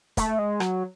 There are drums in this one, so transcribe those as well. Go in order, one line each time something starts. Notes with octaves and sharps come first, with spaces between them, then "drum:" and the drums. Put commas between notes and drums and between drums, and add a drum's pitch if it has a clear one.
A3, drum: kick, hi-hat
G#3
F#3, drum: rim click